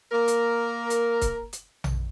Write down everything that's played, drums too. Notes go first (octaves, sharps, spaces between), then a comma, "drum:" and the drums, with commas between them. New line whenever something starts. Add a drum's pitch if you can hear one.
A#3 A#4
drum: hi-hat
drum: hi-hat
drum: kick C#1, hi-hat
drum: hi-hat
drum: tom A#1